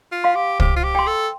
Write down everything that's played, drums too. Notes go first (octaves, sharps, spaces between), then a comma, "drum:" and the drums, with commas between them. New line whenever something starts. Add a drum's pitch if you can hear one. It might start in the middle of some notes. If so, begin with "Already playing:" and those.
F4
F5 C6
G4
G4 C5, drum: kick
F4
G4
G5 C6
A4